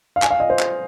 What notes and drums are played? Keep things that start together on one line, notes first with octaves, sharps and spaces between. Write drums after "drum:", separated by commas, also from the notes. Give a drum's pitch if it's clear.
F5
G#5, drum: clap
F5
D#5
C5
drum: clap